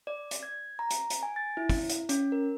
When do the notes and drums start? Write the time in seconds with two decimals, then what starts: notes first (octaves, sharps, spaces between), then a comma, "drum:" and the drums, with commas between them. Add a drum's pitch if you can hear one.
0.07 D5
0.31 drum: hi-hat
0.43 G#6
0.79 A#5
0.90 drum: hi-hat
1.10 drum: hi-hat
1.23 G#5
1.36 A6
1.57 E4
1.70 drum: kick, open hi-hat
1.89 drum: hi-hat
2.09 C#4, drum: hi-hat
2.32 A#4